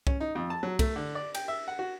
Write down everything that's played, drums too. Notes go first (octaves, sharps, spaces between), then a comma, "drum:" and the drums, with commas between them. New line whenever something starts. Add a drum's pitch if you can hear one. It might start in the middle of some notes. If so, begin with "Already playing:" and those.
C#4, drum: kick
D#4
F2
A5
F#3
A3, drum: kick, cymbal
D3
D5
G5, drum: cymbal
E5
F#5
F#4